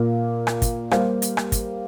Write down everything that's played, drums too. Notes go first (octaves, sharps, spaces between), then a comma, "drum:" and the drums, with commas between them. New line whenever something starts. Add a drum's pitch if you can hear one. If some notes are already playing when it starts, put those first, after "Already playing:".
Already playing: A#2 A#3 F4
drum: rim click
drum: kick, hi-hat
G3 A#3 G4 C5 F5, drum: rim click
drum: hi-hat
drum: rim click
drum: kick, hi-hat